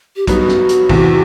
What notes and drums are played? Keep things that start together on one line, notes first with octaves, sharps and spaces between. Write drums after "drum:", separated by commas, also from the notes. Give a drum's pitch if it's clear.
G4
G2 F#3 B3 D#4 F#4, drum: kick, hi-hat
drum: snare
drum: hi-hat
E2 C3 E3, drum: kick